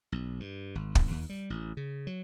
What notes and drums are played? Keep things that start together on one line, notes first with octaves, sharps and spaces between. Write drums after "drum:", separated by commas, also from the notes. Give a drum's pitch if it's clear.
B1
G2
G#1
drum: kick
D#2
G3
A1
C#3
F#3